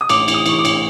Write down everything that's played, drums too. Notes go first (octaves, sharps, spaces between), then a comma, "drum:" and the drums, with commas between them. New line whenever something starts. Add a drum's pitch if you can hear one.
D#6
A1 D6, drum: cymbal
E3, drum: cymbal
D#6
E3 C#6, drum: cymbal
D6
A1, drum: cymbal